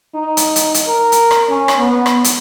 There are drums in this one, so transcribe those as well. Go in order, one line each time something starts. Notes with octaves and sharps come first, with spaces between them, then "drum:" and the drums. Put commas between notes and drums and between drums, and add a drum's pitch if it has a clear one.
D#4
drum: hi-hat
drum: hi-hat
drum: hi-hat
A#4
drum: hi-hat
drum: rim click
C#4
drum: rim click
B3
drum: rim click
drum: hi-hat